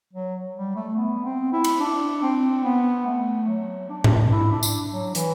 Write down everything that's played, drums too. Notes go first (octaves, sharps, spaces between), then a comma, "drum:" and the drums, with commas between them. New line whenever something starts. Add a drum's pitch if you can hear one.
F#3
G3
A3
B3
C4
E4
drum: cymbal
D4
C4
B3
A3
F#3
D4
drum: tom G#2
E4
D4
drum: tambourine
F#3
E3, drum: hi-hat